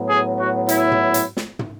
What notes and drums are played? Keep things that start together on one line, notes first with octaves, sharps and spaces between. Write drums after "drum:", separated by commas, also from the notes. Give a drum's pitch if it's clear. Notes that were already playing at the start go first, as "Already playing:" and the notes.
Already playing: A2 F#3 B3
G#4
F#4
E4, drum: hi-hat
drum: tom
drum: hi-hat
drum: snare
drum: tom